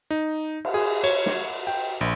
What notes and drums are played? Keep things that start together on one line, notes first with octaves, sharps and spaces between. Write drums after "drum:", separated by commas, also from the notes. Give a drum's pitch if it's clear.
D#4
drum: cymbal
G#4
C#5, drum: cymbal
drum: snare
G5
A#1